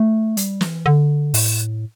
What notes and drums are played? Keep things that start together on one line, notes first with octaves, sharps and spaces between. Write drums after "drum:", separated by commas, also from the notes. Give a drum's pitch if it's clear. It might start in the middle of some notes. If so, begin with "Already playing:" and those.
Already playing: A3
G3, drum: hi-hat
E3, drum: snare
D3
A2, drum: open hi-hat